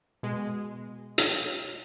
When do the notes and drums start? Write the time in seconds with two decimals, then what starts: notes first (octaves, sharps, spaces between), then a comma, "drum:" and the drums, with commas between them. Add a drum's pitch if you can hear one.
0.23 B2 G#3
1.18 drum: hi-hat